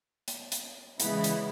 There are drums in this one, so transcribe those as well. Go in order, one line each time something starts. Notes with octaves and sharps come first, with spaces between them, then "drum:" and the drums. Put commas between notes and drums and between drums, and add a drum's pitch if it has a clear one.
drum: hi-hat
drum: hi-hat
C#3 E3 G#3 B3 E4, drum: hi-hat
drum: hi-hat